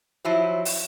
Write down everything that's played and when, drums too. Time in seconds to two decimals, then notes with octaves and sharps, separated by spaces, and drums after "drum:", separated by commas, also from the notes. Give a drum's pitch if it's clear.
0.25 F3 F#3 E4 F#4 C5
0.65 drum: open hi-hat